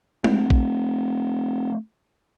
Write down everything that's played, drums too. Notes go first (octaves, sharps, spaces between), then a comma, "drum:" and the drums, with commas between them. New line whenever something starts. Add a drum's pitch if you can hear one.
A3 C4, drum: tom G#3
drum: kick A#1